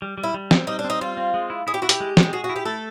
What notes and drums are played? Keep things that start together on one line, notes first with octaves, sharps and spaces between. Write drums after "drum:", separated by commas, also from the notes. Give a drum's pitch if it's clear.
G3
G3
E4
G3
C4, drum: snare
G3 D#4
D4
C4
D#4
G3 F4
C4
G#3
E4
E4 G#4
G4
E4 F#4
G4, drum: hi-hat
G#3
G#3, drum: snare
G4
F#4 G#4
F#4
E4
G4
A3 A4